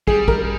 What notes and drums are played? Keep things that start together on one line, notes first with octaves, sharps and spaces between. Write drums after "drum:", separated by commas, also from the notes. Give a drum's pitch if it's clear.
G3 G#4, drum: kick
A#4, drum: kick